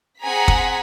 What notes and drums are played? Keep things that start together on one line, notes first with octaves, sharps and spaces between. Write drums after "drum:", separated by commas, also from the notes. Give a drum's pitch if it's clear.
C4 G#4 F#5 G#5 A#5 B6
drum: kick